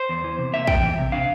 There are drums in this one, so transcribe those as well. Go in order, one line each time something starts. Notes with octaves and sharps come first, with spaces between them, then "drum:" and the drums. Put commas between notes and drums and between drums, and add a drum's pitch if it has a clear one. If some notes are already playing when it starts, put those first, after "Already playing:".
Already playing: C5
E2
E3
C3
A#3 E5
E2 G5, drum: kick
E3
C3
D4 F5